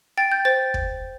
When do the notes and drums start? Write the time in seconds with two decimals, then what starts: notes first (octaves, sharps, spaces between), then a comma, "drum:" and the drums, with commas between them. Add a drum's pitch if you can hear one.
0.18 G5 A6
0.32 G6
0.45 C5 A6
0.74 drum: kick